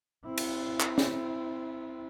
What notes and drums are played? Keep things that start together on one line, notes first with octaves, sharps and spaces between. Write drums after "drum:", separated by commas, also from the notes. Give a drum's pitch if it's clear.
C4 E4
drum: cymbal
drum: clap
drum: snare